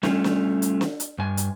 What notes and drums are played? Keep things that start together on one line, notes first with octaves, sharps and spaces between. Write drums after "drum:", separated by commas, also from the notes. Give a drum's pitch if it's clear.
G3 A3 C#4 F4, drum: snare
drum: snare
drum: hi-hat
drum: snare
drum: hi-hat
G2 G#5
drum: hi-hat